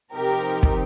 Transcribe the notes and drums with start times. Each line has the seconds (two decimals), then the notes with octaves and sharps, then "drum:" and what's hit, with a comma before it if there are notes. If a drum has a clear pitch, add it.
0.13 C3 F3 C4 D#4 G4 A#4
0.63 drum: kick